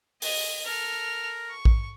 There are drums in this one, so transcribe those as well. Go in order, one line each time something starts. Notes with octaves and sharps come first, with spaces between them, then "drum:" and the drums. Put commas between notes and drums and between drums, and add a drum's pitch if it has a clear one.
D#5, drum: open hi-hat
A4 A#4 F6
C#6
drum: kick